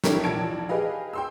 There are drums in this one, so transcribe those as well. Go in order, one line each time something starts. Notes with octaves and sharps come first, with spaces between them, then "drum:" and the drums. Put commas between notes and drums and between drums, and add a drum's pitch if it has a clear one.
D4 E4 G4 A4 A#4 C#5, drum: snare
A#1 E2 D#4 A5 G#6 D7
G4 G#4 B4 D#5 F5
G5 C6 E6